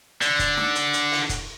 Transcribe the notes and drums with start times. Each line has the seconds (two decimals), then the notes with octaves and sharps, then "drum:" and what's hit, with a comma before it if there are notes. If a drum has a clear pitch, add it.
0.21 D3, drum: hi-hat
0.39 drum: kick, hi-hat
0.57 drum: snare D#4
0.75 drum: hi-hat
0.93 drum: hi-hat
1.11 drum: open hi-hat
1.29 drum: kick, hi-hat